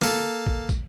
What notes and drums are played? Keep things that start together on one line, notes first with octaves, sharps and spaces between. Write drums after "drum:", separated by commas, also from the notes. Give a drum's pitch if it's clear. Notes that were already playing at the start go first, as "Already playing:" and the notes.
A#3 A4, drum: snare
drum: kick
drum: kick, tambourine